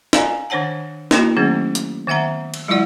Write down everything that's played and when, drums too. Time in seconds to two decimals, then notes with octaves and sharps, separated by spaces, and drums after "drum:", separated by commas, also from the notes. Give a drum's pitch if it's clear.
0.13 D5 F5 G#5 A#5, drum: snare
0.50 D#3 D4 C5 C#5 F#5 A5
1.11 A#3 B3 D4 E4 F#4, drum: snare
1.37 D#3 F#3 A3 B3 C#4 G#4
1.75 drum: hi-hat
2.07 D#3 B3 E5 F#5 A#5
2.54 drum: cymbal
2.68 F#3 G#3 E4 F4 D5 F#5